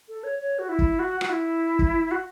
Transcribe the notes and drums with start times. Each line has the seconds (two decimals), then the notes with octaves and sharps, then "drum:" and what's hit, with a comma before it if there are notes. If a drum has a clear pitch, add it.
0.09 A4
0.24 C#5
0.39 C#5
0.59 F#4
0.69 E4
0.79 drum: kick
0.99 F#4
1.21 F#4, drum: rim click
1.29 E4
1.79 drum: kick
2.11 F#4